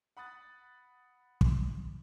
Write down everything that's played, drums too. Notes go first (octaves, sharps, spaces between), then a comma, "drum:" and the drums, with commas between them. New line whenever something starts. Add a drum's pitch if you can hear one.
F#5 B5 D#6 F#6 A6
drum: kick